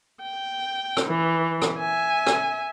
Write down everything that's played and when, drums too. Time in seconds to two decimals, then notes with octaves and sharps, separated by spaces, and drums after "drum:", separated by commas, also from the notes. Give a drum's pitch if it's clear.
0.23 G5
0.97 drum: rim click
1.06 E3
1.62 drum: rim click
1.78 E5 G#5
2.27 drum: rim click